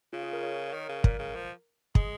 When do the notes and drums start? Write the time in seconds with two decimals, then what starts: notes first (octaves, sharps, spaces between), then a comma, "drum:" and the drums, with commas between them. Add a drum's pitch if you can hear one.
0.13 C#3 F4
0.23 G#4
0.33 A#4
0.43 C#5
0.68 C#5
0.73 D#3 A#4
0.89 C#3
1.04 A#2 A#4, drum: kick
1.19 C#3
1.35 F3
1.95 G#3 G#4, drum: kick